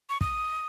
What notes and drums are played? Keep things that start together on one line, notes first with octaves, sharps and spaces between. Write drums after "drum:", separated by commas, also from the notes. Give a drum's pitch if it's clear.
C#6
D#6, drum: kick